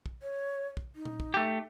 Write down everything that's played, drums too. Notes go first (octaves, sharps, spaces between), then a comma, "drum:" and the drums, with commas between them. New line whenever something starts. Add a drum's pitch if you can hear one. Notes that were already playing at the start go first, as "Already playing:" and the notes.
drum: kick
C#5
drum: kick
D#4
drum: tom A#2
drum: kick
A3 G4